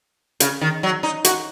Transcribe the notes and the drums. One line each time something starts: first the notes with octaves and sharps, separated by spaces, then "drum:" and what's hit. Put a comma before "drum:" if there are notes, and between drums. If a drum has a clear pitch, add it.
C#3, drum: hi-hat
D#3
F#3
D#4
F#4, drum: hi-hat